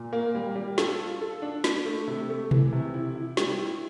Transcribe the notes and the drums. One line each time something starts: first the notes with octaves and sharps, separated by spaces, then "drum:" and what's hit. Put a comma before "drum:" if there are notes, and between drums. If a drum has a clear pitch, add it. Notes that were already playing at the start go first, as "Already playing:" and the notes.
Already playing: A#2
A#3
G3
G3
A4, drum: snare
F4
A4
D4
D4, drum: snare
A3
C3
A3
E3, drum: tom B2
C3
E4
E4
G3, drum: snare
E4